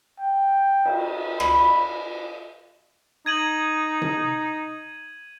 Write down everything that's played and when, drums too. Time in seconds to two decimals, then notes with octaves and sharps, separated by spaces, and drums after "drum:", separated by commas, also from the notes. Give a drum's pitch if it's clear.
0.20 G5
0.85 drum: cymbal
1.40 B5, drum: rim click
3.26 D#4 G#6 D#7 F#7
4.02 drum: tom C3